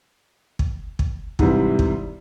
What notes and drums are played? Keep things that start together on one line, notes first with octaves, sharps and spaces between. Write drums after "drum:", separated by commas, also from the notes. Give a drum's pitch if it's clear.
drum: kick
drum: kick
G#2 C3 E3 G3, drum: kick
drum: kick